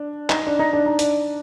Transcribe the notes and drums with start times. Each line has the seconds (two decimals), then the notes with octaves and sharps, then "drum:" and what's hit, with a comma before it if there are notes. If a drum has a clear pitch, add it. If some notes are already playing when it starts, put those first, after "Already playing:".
Already playing: D4
0.30 D#4, drum: clap
0.47 D4
0.59 D#4
0.73 D4
0.86 D#4
0.99 D4, drum: hi-hat